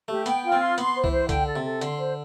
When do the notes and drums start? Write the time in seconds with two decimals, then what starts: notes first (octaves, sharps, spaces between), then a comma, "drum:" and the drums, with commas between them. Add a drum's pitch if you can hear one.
0.08 A3 G4
0.26 B3 G5, drum: hi-hat
0.43 F4
0.52 C4
0.61 C6
0.78 B3 C6, drum: hi-hat
0.95 C5
1.04 E3, drum: kick C2
1.12 C5
1.29 D3 G5, drum: kick C2, hi-hat
1.47 A4
1.56 C3
1.64 A4
1.81 D3 C6, drum: hi-hat
1.99 C5